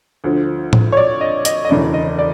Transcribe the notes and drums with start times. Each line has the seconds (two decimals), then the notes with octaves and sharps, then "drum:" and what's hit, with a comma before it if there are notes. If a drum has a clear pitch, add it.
0.24 D2 D3 F3
0.73 drum: tom A2
0.92 C#5
0.97 D5
1.21 D#5
1.45 D#5, drum: hi-hat
1.65 D#5
1.69 E1 D2 C#3 E3 D5
1.94 D#5
2.19 D5